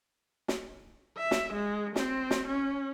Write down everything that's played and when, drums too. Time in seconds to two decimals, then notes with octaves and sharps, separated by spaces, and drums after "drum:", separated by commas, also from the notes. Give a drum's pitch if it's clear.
0.48 drum: snare
1.17 E5
1.31 drum: snare
1.53 G#3
1.96 C4, drum: snare
2.30 drum: snare
2.47 C#4